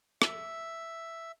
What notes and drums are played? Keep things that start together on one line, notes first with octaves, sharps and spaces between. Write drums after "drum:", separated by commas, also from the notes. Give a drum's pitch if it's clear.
E5, drum: rim click